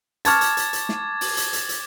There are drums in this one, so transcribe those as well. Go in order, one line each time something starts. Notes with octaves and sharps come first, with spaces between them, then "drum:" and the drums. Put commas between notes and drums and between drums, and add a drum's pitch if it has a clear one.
A5 C#6 D6 F6 G#6 A6, drum: hi-hat
drum: hi-hat
drum: hi-hat
drum: hi-hat
drum: snare
drum: open hi-hat
drum: hi-hat
drum: hi-hat
drum: hi-hat